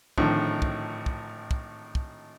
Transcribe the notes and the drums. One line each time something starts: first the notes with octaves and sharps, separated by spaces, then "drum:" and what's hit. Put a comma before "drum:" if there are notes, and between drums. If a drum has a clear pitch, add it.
G#1 A2 D3 D#3 F3, drum: kick
drum: kick
drum: kick
drum: kick
drum: kick